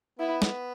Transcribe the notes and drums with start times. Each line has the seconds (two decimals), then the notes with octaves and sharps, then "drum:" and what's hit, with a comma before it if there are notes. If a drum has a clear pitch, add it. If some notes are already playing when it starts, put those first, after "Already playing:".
0.19 B3 E4
0.42 drum: snare